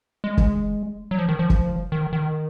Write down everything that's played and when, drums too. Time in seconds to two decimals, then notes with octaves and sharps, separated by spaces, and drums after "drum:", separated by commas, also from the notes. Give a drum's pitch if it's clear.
0.24 G#3
0.37 drum: kick
1.11 F#3
1.19 F3
1.29 D#3
1.39 F3
1.50 drum: kick
1.92 D#3
2.13 D#3